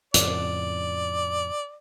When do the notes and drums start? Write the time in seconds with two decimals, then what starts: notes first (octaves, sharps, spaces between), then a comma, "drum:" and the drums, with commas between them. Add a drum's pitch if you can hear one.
0.14 F2 A2 C#3 D5, drum: hi-hat